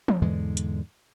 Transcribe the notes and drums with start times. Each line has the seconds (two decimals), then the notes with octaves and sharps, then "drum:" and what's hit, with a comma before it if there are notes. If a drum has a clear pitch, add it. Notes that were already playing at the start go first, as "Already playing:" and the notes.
0.08 drum: tom
0.22 E2 G#2 D3 G#3
0.57 drum: hi-hat